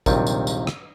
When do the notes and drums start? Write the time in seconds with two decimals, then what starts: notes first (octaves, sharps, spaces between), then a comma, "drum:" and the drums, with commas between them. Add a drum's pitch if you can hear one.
0.06 A#1 D#2 C3 D#3 F#3 G3, drum: kick, tambourine
0.27 drum: tambourine
0.47 drum: tambourine
0.67 drum: rim click